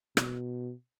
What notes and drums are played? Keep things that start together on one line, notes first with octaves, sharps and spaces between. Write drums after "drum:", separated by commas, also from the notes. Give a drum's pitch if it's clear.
B2, drum: rim click